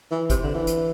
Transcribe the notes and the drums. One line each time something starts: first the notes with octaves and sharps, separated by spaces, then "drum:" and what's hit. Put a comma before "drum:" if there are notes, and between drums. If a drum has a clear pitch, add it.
E3
C3, drum: kick, hi-hat
D3
E3
drum: hi-hat